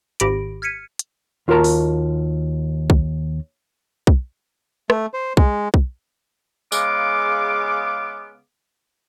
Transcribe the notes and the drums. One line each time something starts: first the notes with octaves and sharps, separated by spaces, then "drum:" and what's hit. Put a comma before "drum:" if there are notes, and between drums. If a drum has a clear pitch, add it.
G#1 G#2 G4 B5 A#6 D7, drum: hi-hat
F6 G#6 B6 C#7 D#7
drum: hi-hat
D#2 F4 F#4 A#4 A5 A#5
drum: open hi-hat
drum: kick
drum: kick
A3, drum: rim click
C5
G#3, drum: kick
drum: kick
C#3 G#3 B3 F5 D6, drum: tambourine